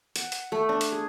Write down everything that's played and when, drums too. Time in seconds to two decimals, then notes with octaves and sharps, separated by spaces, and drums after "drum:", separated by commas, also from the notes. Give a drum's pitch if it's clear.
0.16 F#5, drum: hi-hat
0.32 drum: hi-hat
0.52 A3
0.69 D4
0.81 drum: hi-hat
0.92 G#4